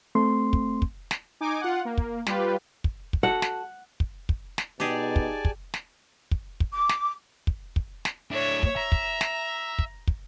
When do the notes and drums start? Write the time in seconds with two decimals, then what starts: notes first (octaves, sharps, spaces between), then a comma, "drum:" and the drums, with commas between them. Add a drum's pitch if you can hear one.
0.15 A3 C4 C6
0.53 drum: kick
0.82 drum: kick
1.11 drum: snare
1.41 D#4 G#5 D6
1.61 F4 F#5
1.85 A#3
1.98 drum: kick
2.26 G3 F4 G4 B4, drum: snare
2.84 drum: kick
3.13 drum: kick
3.23 F#4 A4 F#5
3.42 drum: snare
4.00 drum: kick
4.29 drum: kick
4.58 drum: snare
4.80 B2 D#4 G4 G#4 D5 G#5 A5
5.16 drum: kick
5.45 drum: kick
5.74 drum: snare
6.31 drum: kick
6.60 drum: kick
6.74 D6
6.89 drum: snare
7.47 drum: kick
7.76 drum: kick
8.05 drum: snare
8.31 A2 D4 C#5 E5
8.63 drum: kick
8.76 E5 A#5
8.92 drum: kick
9.21 drum: snare
9.79 drum: kick
10.07 drum: kick